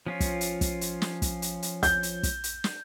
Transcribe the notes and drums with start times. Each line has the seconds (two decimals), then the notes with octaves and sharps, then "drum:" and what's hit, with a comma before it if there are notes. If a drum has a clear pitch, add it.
0.06 F3 C#4 F4
0.20 drum: kick, hi-hat
0.41 drum: hi-hat
0.61 drum: kick, hi-hat
0.81 drum: hi-hat
1.02 drum: snare
1.22 drum: kick, hi-hat
1.42 drum: hi-hat
1.62 drum: hi-hat
1.83 G6, drum: kick, hi-hat
2.03 drum: hi-hat
2.23 drum: kick, hi-hat
2.44 drum: hi-hat
2.64 drum: snare